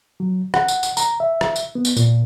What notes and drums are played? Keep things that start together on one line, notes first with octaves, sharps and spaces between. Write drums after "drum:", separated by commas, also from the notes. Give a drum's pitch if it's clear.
F#3
F#5, drum: rim click
drum: tambourine
drum: tambourine
A#5, drum: tambourine
E5
drum: rim click
drum: tambourine
B3
drum: tambourine
A#2, drum: tambourine